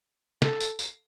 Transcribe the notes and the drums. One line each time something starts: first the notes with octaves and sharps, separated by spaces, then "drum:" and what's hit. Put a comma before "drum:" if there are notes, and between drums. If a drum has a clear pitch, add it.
A4, drum: snare
drum: tambourine
drum: tambourine